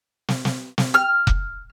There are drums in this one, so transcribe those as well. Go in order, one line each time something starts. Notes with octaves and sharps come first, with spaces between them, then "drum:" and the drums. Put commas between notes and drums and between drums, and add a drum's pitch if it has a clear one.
drum: snare
drum: snare
drum: snare
F6
drum: kick F1